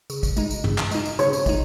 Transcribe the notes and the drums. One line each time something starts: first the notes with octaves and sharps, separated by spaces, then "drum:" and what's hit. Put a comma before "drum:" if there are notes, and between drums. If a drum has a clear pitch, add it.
C#3, drum: tambourine
drum: kick, tambourine
G#3 D#4, drum: tambourine
drum: tambourine
C#3, drum: tom
drum: clap
G#3 D#4, drum: tambourine
drum: tambourine
C#3 C#5, drum: tambourine
drum: tambourine
G#3 D#4, drum: kick, tambourine